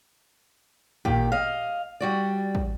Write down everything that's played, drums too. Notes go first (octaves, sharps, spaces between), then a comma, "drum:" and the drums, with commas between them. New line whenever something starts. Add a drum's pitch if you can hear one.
A#2 D#3 G4, drum: kick
D#5 F5
G3 F#4 D5
drum: kick